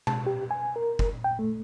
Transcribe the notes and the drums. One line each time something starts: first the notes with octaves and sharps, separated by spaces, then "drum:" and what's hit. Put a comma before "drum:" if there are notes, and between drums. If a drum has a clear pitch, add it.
A5, drum: tom B2
G4
G#5
A#4
drum: kick F#1
G5
A3